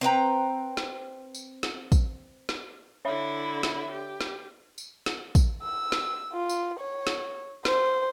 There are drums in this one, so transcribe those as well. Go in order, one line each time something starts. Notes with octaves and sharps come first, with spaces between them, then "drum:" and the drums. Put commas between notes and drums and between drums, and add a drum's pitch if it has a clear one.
C4 B4 G5 A#5
drum: snare
drum: tambourine
drum: snare
drum: kick, tambourine
drum: snare
D3 E4 C#5 E5 B5
drum: snare
G4
drum: snare
drum: tambourine
drum: snare
drum: kick, tambourine
E6
drum: snare
F4
drum: tambourine
C#5
drum: snare
C5, drum: snare